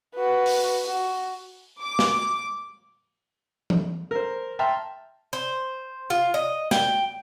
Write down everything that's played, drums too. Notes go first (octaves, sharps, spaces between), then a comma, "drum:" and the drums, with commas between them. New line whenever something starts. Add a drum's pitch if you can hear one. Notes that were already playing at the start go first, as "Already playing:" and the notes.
F#4 B4
drum: open hi-hat
F#4
D6
drum: snare
drum: tom E3
A#4 C5
E5 G5 A5 A#5 C6 F6
C5
F4
D#5
G5, drum: snare